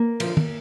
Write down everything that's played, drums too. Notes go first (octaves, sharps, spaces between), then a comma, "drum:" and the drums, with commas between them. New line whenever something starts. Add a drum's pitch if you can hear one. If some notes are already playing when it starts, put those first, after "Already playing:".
Already playing: A#3
D3 F3, drum: cymbal
drum: tom